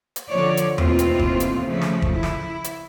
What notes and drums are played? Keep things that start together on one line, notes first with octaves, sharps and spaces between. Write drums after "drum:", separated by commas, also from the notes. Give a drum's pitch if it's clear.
drum: hi-hat
D3 F3 C#5 D5
drum: hi-hat
D#2 B2 E3 A3 C4 F4, drum: tom E2
drum: hi-hat
drum: kick
drum: hi-hat
C#3 F3 A3
drum: snare
drum: kick
E4
drum: snare
drum: hi-hat